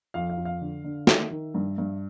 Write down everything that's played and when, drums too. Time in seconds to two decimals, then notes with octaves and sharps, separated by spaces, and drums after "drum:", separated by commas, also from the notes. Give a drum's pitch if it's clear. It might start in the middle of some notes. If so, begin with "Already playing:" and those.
0.14 F2 F5
0.30 F5
0.38 F2
0.45 F5
0.61 D3
0.84 D3
1.07 D#3 E5, drum: snare
1.31 D#3
1.55 G2
1.78 G2